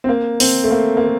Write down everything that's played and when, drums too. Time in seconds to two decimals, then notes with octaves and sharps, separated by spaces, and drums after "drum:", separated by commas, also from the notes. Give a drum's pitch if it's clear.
0.04 C4
0.09 A#3
0.40 C4, drum: open hi-hat
0.64 A3
0.71 A#3
0.97 A#3
1.04 A3